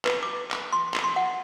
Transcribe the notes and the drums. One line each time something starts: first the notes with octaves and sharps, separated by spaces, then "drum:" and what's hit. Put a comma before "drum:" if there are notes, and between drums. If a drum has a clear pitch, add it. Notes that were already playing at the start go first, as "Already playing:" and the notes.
B4, drum: clap
D6
drum: clap
C6
drum: clap
C6
F#5